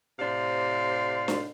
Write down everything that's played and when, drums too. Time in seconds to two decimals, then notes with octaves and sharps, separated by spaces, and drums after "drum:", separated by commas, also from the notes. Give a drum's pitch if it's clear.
0.19 A2 C3 C5 D5 F5
1.28 drum: snare D4